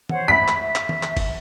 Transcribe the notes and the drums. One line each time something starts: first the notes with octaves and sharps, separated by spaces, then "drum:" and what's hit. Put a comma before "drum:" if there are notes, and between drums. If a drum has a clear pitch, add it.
C5 C#5 F#5, drum: tom D#3
E5 B5 B6
drum: clap
E5
drum: clap
drum: tom D#3
drum: clap
drum: kick, cymbal